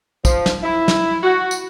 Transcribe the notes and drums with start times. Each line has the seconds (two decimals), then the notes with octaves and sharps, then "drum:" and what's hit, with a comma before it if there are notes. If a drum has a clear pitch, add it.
0.25 F3, drum: kick, tambourine
0.46 drum: snare
0.63 E4
0.88 drum: snare
1.23 F#4
1.51 drum: tambourine